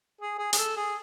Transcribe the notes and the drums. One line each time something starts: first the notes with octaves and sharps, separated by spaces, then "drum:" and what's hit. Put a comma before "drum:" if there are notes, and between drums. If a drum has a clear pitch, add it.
G#4
G#4
G#4, drum: hi-hat
A4
G#4